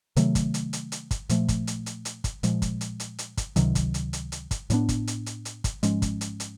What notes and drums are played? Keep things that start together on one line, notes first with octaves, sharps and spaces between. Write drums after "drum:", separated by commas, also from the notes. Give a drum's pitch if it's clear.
C3 D#3 F#3 A3, drum: hi-hat
drum: kick, hi-hat
drum: hi-hat
drum: hi-hat
drum: hi-hat
drum: kick, hi-hat
A#2 F3 A3, drum: hi-hat
drum: kick, hi-hat
drum: hi-hat
drum: hi-hat
drum: hi-hat
drum: kick, hi-hat
A#2 F3 G#3, drum: hi-hat
drum: kick, hi-hat
drum: hi-hat
drum: hi-hat
drum: hi-hat
drum: kick, hi-hat
C#2 C3 D#3 F#3, drum: hi-hat
drum: kick, hi-hat
drum: hi-hat
drum: hi-hat
drum: hi-hat
drum: kick, hi-hat
A2 F#3 B3 D4, drum: hi-hat
drum: kick, hi-hat
drum: hi-hat
drum: hi-hat
drum: hi-hat
drum: kick, hi-hat
G#2 F3 G#3 C#4, drum: hi-hat
drum: kick, hi-hat
drum: hi-hat
drum: hi-hat